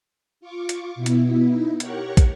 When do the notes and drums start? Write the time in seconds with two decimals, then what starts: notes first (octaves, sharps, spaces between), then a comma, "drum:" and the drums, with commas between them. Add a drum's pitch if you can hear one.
0.41 F4 C#6 D6
0.69 drum: hi-hat
0.95 B2 B3 E4
1.06 drum: hi-hat
1.49 D#4 E4
1.80 G4 A#4 C#5 F#5 C#6, drum: hi-hat
2.17 drum: kick, hi-hat